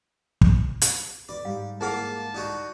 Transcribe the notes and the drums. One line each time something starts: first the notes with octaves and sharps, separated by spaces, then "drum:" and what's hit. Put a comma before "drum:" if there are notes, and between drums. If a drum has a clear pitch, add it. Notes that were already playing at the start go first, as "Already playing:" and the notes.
drum: kick
drum: hi-hat
D2 F#4 B4 D5
G#2 G3 F5
A#3 E4 G#4 F5 F#5 A5 D6
D4 D#4 F#4